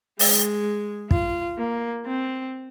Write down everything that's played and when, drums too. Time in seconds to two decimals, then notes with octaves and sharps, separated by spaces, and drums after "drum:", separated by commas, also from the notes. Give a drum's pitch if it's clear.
0.19 G#3, drum: open hi-hat
1.11 F4, drum: kick
1.58 A#3
2.06 C4